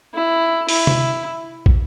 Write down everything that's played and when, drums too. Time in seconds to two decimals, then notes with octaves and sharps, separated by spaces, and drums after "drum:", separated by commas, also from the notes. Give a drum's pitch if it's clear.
0.14 E4
0.69 E4, drum: open hi-hat
0.87 drum: tom C3
1.66 drum: kick